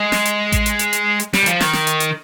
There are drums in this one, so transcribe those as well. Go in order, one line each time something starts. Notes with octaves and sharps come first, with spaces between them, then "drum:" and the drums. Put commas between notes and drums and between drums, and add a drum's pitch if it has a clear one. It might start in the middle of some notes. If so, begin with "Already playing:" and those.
Already playing: G#3
drum: snare
drum: hi-hat
drum: kick A1, hi-hat
drum: hi-hat
drum: hi-hat
drum: hi-hat
drum: hi-hat
G3, drum: snare
D#3
F3, drum: hi-hat
D#3, drum: snare
drum: snare
drum: hi-hat
drum: hi-hat